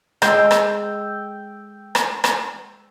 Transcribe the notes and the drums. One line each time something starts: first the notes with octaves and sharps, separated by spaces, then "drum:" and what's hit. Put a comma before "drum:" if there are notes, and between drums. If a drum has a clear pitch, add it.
G#3 G5 E6, drum: rim click
drum: rim click
drum: rim click
drum: rim click